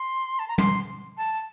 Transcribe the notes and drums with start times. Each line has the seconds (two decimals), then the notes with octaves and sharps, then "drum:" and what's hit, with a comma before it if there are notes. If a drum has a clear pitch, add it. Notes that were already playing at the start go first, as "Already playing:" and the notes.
Already playing: C6
0.39 A5
0.48 A#5
0.58 C6, drum: tom
1.18 A5